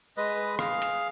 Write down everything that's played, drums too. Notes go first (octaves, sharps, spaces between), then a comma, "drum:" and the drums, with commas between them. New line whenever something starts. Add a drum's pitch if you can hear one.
G#3 B4 D#5
G#4 F5, drum: rim click
drum: hi-hat